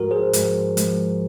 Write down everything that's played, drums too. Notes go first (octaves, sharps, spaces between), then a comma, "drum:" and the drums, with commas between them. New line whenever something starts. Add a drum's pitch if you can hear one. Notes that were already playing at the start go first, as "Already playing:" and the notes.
Already playing: G#2 F3 G#3 F#4 A#4
G#4 C5
G#2 F3 G#3, drum: hi-hat
G#2 F3 G#3, drum: hi-hat